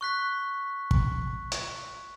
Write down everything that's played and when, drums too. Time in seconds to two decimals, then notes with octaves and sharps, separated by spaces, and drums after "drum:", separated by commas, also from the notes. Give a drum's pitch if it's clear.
0.01 C#6 F#6 B6
0.91 drum: kick
1.52 drum: hi-hat